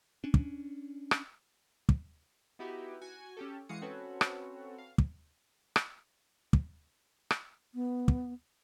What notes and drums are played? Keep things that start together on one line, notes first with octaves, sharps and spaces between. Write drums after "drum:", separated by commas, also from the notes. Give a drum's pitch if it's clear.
C#4 D4
drum: kick
drum: rim click
drum: kick
B3 D#4 E4 F#4 G4 B4
F#4 G#5
C#4 G4 A4
E3 G#3 F#4 F5 D#6 C#7
C4 C#4 F#4 A4 B4 C#5
drum: rim click
F5
drum: kick
drum: rim click
drum: kick
drum: rim click
B3
drum: kick